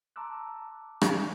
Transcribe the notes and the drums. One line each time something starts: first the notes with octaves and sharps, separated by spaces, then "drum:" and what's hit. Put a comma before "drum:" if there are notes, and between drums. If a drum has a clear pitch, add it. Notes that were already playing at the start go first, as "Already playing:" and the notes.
A5 A#5 C6 D6 E6 F#6
drum: rim click